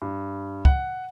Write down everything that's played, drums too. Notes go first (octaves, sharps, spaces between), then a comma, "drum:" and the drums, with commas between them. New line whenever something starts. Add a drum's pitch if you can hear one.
G2
F#5, drum: kick